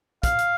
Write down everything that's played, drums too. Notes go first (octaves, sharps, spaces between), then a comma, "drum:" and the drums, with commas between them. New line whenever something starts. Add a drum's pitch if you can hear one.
F5, drum: kick, hi-hat
drum: hi-hat